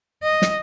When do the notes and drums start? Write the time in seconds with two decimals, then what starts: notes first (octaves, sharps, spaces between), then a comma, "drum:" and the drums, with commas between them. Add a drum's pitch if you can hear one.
0.23 D#5
0.42 drum: snare